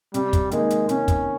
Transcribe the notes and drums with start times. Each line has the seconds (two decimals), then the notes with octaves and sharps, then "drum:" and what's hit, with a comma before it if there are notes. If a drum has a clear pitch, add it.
0.14 C3 G3, drum: hi-hat
0.33 drum: kick, hi-hat
0.51 D#3 G#3 A#3 D#4, drum: hi-hat
0.70 drum: hi-hat
0.89 C3 C#4, drum: hi-hat
1.08 drum: kick, hi-hat